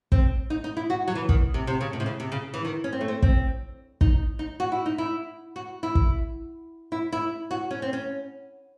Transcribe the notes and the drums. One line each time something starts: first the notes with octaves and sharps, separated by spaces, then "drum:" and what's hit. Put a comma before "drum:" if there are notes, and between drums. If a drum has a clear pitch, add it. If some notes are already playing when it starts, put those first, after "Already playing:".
C4, drum: kick
D#4
D#4
E4
F#4
F#3
E3
D#3, drum: kick
C3
C3
C#3
A2
C3
C#3
C3
C#3
E3
D#3
C#4
C4
A3
C4
C4, drum: kick
D#4, drum: kick
D#4
F#4
E4
D#4
E4
F#4
E4
drum: kick
E4
E4
F#4
C#4
C4
C#4